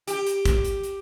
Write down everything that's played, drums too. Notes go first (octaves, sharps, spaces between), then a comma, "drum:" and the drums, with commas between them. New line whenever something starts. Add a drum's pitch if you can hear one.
G4, drum: hi-hat
drum: hi-hat
drum: kick, hi-hat
drum: hi-hat
drum: hi-hat